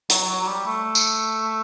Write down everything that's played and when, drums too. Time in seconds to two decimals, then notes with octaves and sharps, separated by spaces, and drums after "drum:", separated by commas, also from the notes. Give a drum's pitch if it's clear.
0.10 F#3, drum: hi-hat
0.28 F#3
0.41 F#3
0.47 G3
0.66 A3
0.95 drum: tambourine